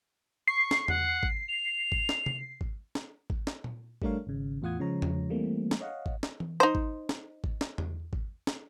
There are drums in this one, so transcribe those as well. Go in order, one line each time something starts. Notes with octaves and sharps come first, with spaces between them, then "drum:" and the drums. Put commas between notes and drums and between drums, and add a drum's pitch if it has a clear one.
C#6 C7
drum: snare
F#5, drum: tom E2
drum: kick G#1
F7
drum: kick G#1
drum: snare
drum: tom C3
drum: kick G#1
drum: snare
drum: kick G#1
drum: snare
drum: tom A#2
G3 A3 D4 A#4 C#5 F5, drum: kick G#1
G#1 C#3
E2 A2 F4 F#5 D#6 G#6
C#3 F3 G#3 C#5 A#5
drum: tom E2
E3 G3 A3 A#3 C4
drum: snare
C#5 D#5 F5 F#5
drum: kick G#1
drum: snare
drum: tom E3
D#4 C5
drum: kick G#1
drum: snare
drum: kick G#1
drum: snare
drum: tom E2
drum: kick G#1
drum: snare